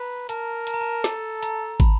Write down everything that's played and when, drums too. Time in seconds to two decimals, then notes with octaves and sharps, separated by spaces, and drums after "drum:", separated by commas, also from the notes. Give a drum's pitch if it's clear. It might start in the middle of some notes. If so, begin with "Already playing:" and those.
Already playing: B4 A#5
0.29 A#4 A5, drum: hi-hat
0.67 A5, drum: hi-hat
0.74 A#5
0.81 A5
1.04 A4, drum: snare
1.43 A#5, drum: hi-hat
1.80 B5, drum: kick, hi-hat